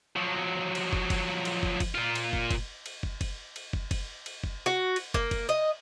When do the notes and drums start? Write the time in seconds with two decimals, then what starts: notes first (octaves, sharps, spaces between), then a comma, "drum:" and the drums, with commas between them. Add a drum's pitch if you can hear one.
0.16 F3 F#3
0.75 drum: cymbal
0.93 drum: kick
1.10 drum: kick, cymbal
1.45 drum: cymbal
1.63 drum: kick
1.80 drum: kick, cymbal
1.95 A#2 F4
2.15 drum: cymbal
2.33 drum: kick
2.51 drum: kick, cymbal
2.86 drum: cymbal
3.03 drum: kick
3.21 drum: kick, cymbal
3.56 drum: cymbal
3.73 drum: kick
3.91 drum: kick, cymbal
4.26 drum: cymbal
4.44 drum: kick
4.66 F#4
4.96 drum: cymbal
5.14 A#3, drum: kick
5.31 drum: kick, cymbal
5.49 D#5